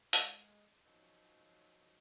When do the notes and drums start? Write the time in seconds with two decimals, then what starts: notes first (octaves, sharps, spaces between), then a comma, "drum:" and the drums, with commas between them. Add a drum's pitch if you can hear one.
0.13 G#3, drum: hi-hat
0.85 F3 F#3 C#4 D#4